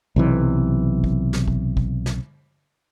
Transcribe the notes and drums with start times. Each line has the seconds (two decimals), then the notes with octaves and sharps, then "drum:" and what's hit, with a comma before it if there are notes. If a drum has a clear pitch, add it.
0.16 B1 C3 E3
1.04 drum: kick
1.33 drum: snare
1.48 drum: kick
1.77 drum: kick
2.06 drum: snare